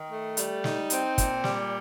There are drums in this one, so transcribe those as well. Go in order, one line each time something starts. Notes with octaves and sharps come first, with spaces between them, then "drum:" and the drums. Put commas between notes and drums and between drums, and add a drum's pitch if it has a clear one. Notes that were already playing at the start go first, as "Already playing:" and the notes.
Already playing: D#3
A3
G3, drum: hi-hat
D#4, drum: snare
C4, drum: hi-hat
A#2, drum: kick, hi-hat
G3, drum: snare